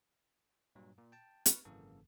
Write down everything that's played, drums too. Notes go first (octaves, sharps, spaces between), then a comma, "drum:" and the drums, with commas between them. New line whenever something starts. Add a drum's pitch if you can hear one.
G2 A#2 F#3
A#2
G5 A5
B4 C#6 F6, drum: hi-hat
G#1 F#2 C#3 E3 A#3 A4